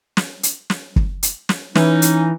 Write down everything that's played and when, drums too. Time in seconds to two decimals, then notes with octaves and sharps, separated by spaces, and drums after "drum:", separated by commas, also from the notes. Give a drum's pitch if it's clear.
0.17 drum: snare
0.43 drum: hi-hat
0.70 drum: snare
0.96 drum: kick
1.23 drum: hi-hat
1.49 drum: snare
1.75 E3 C#4 D#4, drum: snare
2.02 drum: hi-hat